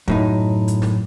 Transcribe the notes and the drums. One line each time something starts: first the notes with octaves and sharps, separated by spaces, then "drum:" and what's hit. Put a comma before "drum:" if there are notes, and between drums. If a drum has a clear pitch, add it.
F#2 A2 D#4, drum: kick
drum: hi-hat
drum: snare